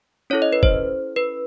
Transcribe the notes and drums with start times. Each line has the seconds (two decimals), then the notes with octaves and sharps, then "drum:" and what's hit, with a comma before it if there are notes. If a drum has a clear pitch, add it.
0.30 C#4 E4 A4 C#5
0.42 D#5
0.53 B4
0.63 C5, drum: kick
1.16 B4